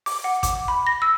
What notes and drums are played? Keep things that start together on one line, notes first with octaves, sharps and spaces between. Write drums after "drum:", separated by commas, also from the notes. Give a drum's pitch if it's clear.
D6, drum: open hi-hat
F#5
D6, drum: kick G#1, hi-hat
B5
A#6
E6